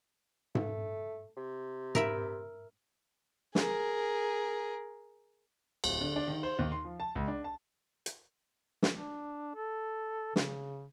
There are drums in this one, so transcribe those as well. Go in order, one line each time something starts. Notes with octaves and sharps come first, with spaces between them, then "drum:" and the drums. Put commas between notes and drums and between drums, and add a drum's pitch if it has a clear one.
A3, drum: tom G#2
C3
A#4 E5 B5, drum: tom G#2
G#4 A#4, drum: snare
D1, drum: cymbal
D3
D4
D#3
C5
D#2
C6
F3
A5
C#2
D4
A5
drum: hi-hat
drum: snare
D4
A4
C#3, drum: snare